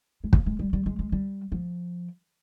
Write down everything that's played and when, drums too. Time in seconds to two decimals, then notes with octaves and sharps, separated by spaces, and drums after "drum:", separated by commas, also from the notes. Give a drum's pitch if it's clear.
0.24 G#3
0.33 A#3, drum: kick
0.46 G#3
0.59 G3
0.73 G3
0.86 G#3
0.99 G#3
1.12 G3
1.52 F3